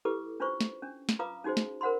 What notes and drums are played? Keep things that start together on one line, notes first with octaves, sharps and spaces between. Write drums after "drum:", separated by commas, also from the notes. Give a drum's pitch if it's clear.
E4 G4 A4 B4 D6
C#4 D4 F4 B4 C5 C#6
drum: snare
C#4 D4
drum: snare
F4 B4 F5 A#5 D6 D#6
C#4 D#4 F#4 G#4 C5
drum: snare
A#4 C5 F#5 B5 C6